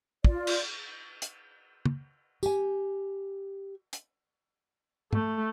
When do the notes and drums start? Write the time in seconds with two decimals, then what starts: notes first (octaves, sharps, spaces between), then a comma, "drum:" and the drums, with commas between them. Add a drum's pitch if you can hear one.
0.25 F4 D5, drum: kick
0.47 drum: cymbal
1.22 drum: hi-hat
1.86 drum: tom
2.43 G4 G#5, drum: tambourine
3.93 drum: hi-hat
5.13 A3, drum: tom